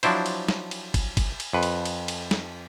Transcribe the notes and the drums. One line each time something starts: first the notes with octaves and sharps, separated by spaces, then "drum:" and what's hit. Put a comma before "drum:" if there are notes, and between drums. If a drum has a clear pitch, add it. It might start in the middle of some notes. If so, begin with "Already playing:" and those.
F3 F#3 D4 E4 C5, drum: cymbal
drum: cymbal
drum: snare
drum: cymbal
drum: kick, cymbal
drum: kick, cymbal
drum: cymbal
F2 B4
drum: cymbal
drum: cymbal
drum: cymbal
drum: snare